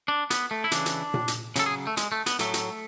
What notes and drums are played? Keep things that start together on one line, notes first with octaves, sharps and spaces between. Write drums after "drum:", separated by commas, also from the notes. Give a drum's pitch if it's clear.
D4
B3, drum: hi-hat
A3
E4
C#3 E3 D4, drum: hi-hat
drum: hi-hat
drum: tom A#2
drum: hi-hat
C#3 F#3 A4, drum: hi-hat
G#4
A3
G#3, drum: hi-hat
A3
B3, drum: hi-hat
A2 F#3 A3, drum: hi-hat
drum: hi-hat